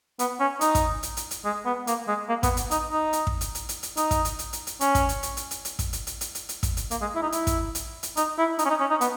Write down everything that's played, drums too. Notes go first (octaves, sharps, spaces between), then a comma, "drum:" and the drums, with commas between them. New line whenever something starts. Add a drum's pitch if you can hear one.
B3, drum: hi-hat
C#4
D#4, drum: hi-hat
drum: kick, hi-hat
drum: hi-hat
drum: hi-hat
drum: hi-hat
G#3
B3
A#3, drum: hi-hat
G#3
A#3
B3, drum: kick, hi-hat
drum: hi-hat
D#4, drum: hi-hat
D#4
drum: hi-hat
drum: kick
drum: hi-hat
drum: hi-hat
drum: hi-hat
drum: hi-hat
D#4, drum: hi-hat
drum: kick, hi-hat
drum: hi-hat
drum: hi-hat
drum: hi-hat
drum: hi-hat
C#4, drum: hi-hat
drum: kick, hi-hat
drum: hi-hat
drum: hi-hat
drum: hi-hat
drum: hi-hat
drum: hi-hat
drum: kick, hi-hat
drum: hi-hat
drum: hi-hat
drum: hi-hat
drum: hi-hat
drum: hi-hat
drum: kick, hi-hat
drum: hi-hat
A#3, drum: hi-hat
G#3
E4
D#4
E4, drum: hi-hat
drum: kick, hi-hat
drum: hi-hat
drum: hi-hat
D#4, drum: hi-hat
E4
D#4, drum: hi-hat
C#4
D#4
C#4
D#4
B3, drum: hi-hat